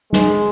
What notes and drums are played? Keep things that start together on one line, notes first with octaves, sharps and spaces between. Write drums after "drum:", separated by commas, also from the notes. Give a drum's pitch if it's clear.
G#3, drum: snare